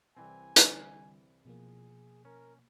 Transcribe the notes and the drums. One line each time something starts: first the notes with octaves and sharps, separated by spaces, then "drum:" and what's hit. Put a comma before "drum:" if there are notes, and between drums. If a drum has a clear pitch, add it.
C2 E3 C4 G#5
D3 G3, drum: hi-hat
B2 F3 A#3 G#4
C#4 A#4